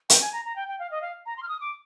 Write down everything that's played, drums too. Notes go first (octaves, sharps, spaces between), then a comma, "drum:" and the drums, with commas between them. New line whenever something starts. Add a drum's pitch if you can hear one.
G5, drum: hi-hat
G#5
A#5
A#5
G5
G5
F5
D#5
F5
A#5
C6
F6
D#6
D6